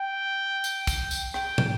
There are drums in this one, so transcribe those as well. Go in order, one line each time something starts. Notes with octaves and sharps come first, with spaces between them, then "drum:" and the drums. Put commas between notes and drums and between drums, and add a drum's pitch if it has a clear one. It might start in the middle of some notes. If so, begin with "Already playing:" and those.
Already playing: G5
drum: tambourine
drum: kick, tambourine
drum: tambourine
G5, drum: rim click
drum: tom